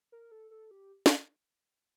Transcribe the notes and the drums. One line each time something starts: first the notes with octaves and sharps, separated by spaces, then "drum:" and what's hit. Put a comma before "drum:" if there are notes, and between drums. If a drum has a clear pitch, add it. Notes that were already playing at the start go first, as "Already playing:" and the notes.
A#4
A4
A4
G4
drum: snare